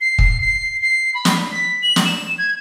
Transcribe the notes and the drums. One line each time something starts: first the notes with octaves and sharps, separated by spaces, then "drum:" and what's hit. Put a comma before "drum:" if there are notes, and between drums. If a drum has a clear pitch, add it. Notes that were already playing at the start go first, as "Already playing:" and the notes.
C7
drum: kick
C7
C7
B5
drum: snare
B6
F#7
drum: snare
E7
G#6